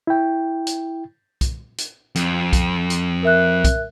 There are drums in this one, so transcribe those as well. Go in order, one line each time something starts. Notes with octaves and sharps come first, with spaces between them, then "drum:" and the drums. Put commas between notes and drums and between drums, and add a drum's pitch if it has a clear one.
E4 G5
drum: hi-hat
drum: kick B1, hi-hat
drum: hi-hat
F2, drum: hi-hat
drum: kick B1, hi-hat
drum: hi-hat
A#4 E5 F#6
drum: kick B1, hi-hat